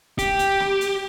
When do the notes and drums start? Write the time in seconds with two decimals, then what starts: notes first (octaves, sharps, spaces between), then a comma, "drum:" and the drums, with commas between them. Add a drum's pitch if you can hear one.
0.19 G4, drum: kick C#1, hi-hat
0.39 drum: hi-hat
0.60 drum: snare
0.81 drum: hi-hat